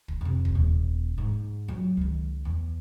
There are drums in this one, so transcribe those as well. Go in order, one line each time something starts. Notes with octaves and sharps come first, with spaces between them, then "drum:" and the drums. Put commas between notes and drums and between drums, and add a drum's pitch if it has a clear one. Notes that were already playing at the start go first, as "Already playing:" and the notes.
drum: kick
F2 C3
drum: kick
D#1
G#2
F#3 F4
C#2 D#3
E2